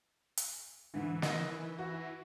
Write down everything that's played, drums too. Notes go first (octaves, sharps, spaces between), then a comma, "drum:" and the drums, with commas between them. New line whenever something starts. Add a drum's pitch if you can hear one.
drum: hi-hat
G#2 D3 E3
D#3 D#5, drum: snare
F#4